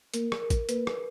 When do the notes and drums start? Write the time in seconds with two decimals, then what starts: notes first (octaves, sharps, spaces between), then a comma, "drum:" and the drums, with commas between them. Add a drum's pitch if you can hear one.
0.14 A#3 A#4, drum: hi-hat
0.32 drum: rim click
0.41 A#4
0.50 drum: kick, hi-hat
0.69 A#3 B4, drum: hi-hat
0.87 drum: rim click